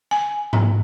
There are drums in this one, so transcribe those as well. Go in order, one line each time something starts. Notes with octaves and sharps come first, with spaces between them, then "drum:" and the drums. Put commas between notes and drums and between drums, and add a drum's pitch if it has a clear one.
G#5
drum: tom G#2